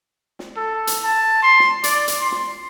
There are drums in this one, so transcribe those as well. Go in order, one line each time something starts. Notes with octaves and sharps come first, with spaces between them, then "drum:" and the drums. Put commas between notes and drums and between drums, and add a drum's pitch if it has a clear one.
drum: snare
A4
drum: hi-hat
A5
C6
drum: snare
D5, drum: hi-hat
drum: hi-hat
C6
drum: snare